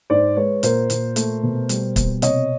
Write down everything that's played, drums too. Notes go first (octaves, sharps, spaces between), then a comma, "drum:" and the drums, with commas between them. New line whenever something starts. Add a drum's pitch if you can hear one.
G#2 C5 D5
G#3 B4 C#5
A#2 A#4 C5, drum: hi-hat
A#2, drum: hi-hat
A3, drum: hi-hat
B2
G3, drum: hi-hat
B2, drum: kick, hi-hat
C3 C#5 D#5, drum: hi-hat